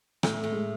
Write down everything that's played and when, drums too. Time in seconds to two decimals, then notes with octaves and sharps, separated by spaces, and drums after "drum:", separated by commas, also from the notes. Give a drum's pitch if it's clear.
0.23 A2 A3, drum: rim click
0.44 A2
0.52 G#3